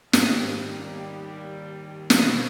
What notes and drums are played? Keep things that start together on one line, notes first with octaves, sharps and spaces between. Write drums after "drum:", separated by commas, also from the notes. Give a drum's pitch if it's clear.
D#2 G#2 G3 A3, drum: snare
B2 E3, drum: snare